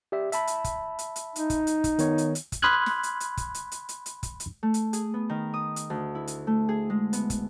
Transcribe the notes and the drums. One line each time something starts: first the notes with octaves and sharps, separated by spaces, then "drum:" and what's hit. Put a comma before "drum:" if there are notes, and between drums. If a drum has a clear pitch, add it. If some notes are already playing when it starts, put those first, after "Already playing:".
G4 D5 E5
E5 A5 B5, drum: hi-hat
drum: hi-hat
drum: kick, hi-hat
drum: hi-hat
drum: hi-hat
D#4, drum: hi-hat
drum: kick, hi-hat
drum: hi-hat
drum: kick, hi-hat
D#3 B3 C#5, drum: hi-hat
drum: hi-hat
drum: hi-hat
drum: kick, hi-hat
B5 C6 D#6 F6 F#6 G#6
drum: snare
drum: hi-hat
drum: hi-hat
drum: kick, hi-hat
drum: hi-hat
drum: hi-hat
drum: hi-hat
drum: hi-hat
drum: kick, hi-hat
drum: hi-hat
A3
drum: hi-hat
G#4, drum: hi-hat
B3
D#3
D#6
drum: hi-hat
D2
E4
drum: hi-hat
A3
G#4
G#3
B3, drum: hi-hat
drum: kick, hi-hat